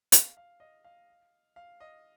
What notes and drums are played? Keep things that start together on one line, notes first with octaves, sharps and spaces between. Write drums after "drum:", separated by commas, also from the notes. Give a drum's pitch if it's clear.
F5, drum: hi-hat
F5
D#5
F5
F5
D#5